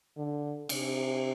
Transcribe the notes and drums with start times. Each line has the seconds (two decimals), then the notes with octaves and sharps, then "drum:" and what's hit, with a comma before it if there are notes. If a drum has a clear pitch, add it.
0.17 D3
0.69 C3, drum: cymbal